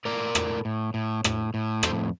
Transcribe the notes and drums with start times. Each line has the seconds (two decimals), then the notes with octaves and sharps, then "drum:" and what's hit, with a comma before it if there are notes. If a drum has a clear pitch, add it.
0.05 A2 A#4 D5
0.35 A2, drum: rim click
0.65 A2
0.94 A2
1.24 A2, drum: rim click
1.54 A2
1.83 F2 A4 C5, drum: rim click